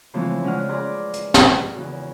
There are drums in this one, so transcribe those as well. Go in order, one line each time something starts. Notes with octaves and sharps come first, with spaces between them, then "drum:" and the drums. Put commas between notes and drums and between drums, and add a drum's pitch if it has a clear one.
C#3 E3 F3 G#3 A3 C4
C#3 G#3 C#4 D4 F#5 F6
G#4 B4 D5 A#5 C6 D6
drum: hi-hat
G#4 A#4, drum: snare
E2 C#3 F#4